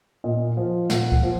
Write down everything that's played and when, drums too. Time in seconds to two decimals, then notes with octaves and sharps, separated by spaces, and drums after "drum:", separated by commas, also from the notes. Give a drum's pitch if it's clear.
0.24 A#2 D#5
0.57 F3
0.90 A#2 F#5, drum: snare
1.12 drum: kick C2
1.23 F3